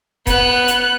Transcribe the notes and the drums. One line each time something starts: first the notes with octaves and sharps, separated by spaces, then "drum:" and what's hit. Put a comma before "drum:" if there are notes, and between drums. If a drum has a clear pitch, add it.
B3 F#6, drum: kick D#1, hi-hat
drum: hi-hat